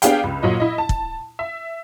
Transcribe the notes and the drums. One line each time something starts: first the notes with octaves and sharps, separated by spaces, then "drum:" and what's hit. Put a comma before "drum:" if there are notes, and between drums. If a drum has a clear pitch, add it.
B3 D4 G4 G#4 F5 G5, drum: hi-hat
C#2
A#2 F#3 D#5
E4 D#5
A5
drum: kick
E5